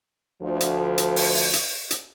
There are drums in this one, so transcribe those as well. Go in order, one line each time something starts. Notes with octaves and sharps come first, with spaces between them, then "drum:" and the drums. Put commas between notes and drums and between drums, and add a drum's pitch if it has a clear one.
D2 F3
drum: hi-hat
drum: hi-hat
drum: open hi-hat
drum: open hi-hat
drum: hi-hat
drum: hi-hat